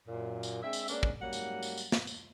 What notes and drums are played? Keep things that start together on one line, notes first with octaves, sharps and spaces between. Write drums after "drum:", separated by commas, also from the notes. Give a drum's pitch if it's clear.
F#2 A#2
drum: tambourine
G#3 C4 D4 E5
drum: tambourine
G#3 A#3 B3 C#4 D4, drum: tambourine
drum: kick
G#2 F#3 G3 A#3 C#4 F#5
drum: tambourine
drum: tambourine
drum: tambourine
drum: snare
drum: tambourine